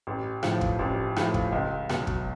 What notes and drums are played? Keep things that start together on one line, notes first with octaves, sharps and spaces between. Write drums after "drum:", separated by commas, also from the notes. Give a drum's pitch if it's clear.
A1
A2 F3, drum: rim click
drum: kick
A1
A2 F3, drum: rim click
drum: kick
C#2
B2 F#3, drum: rim click
drum: kick